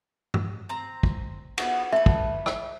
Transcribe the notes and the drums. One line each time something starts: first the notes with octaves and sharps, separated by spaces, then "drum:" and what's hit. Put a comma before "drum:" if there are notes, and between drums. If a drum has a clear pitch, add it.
drum: tom G2
C4 A#5
drum: kick
B3 D4 F#4, drum: cymbal
A4 B4 E5
drum: kick
drum: rim click